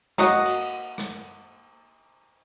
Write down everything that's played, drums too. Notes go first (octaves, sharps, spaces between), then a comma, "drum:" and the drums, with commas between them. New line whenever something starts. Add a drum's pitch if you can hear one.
A#3 F#4 D#5, drum: snare
drum: cymbal
drum: rim click